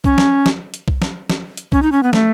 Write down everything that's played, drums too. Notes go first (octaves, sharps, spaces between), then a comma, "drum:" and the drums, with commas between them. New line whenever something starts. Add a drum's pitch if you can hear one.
C#4, drum: kick B1
drum: snare
drum: snare
drum: hi-hat
drum: kick B1
drum: snare
drum: snare
drum: hi-hat
C#4, drum: kick B1
D#4
C#4
B3
A3, drum: snare